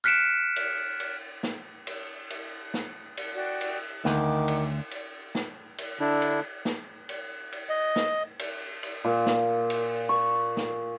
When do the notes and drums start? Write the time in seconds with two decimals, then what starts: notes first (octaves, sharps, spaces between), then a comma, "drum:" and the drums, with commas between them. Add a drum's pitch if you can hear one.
0.04 F6 F#6 B6 C#7 D7 E7
0.56 drum: cymbal
1.00 drum: cymbal
1.43 drum: snare
1.87 drum: cymbal
2.30 drum: cymbal
2.74 drum: snare
3.17 drum: cymbal
3.34 F#4 D5 G5
3.61 drum: cymbal
4.05 D2 D#3 D6, drum: snare
4.48 drum: cymbal
4.91 drum: cymbal
5.35 drum: snare
5.78 drum: cymbal
6.00 D3 D4 E4
6.22 drum: cymbal
6.65 drum: snare
7.09 drum: cymbal
7.52 drum: cymbal
7.69 D#5
7.96 drum: snare
8.39 drum: cymbal
8.83 drum: cymbal
9.05 A#2
9.26 drum: snare
9.70 drum: cymbal
10.09 C#6
10.57 drum: snare